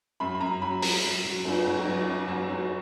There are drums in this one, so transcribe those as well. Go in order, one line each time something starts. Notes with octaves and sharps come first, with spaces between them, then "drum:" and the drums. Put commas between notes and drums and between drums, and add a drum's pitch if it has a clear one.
F#2 B5
B5
F#2 A#5
F#3 B5
F#3 A#5, drum: open hi-hat
F#3
F#3
F#2, drum: cymbal
F#3
F#3
F#2
F#3
F#3